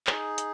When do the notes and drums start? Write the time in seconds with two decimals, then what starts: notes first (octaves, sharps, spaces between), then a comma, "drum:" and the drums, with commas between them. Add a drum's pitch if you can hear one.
0.07 D#4 G#4, drum: clap
0.38 drum: hi-hat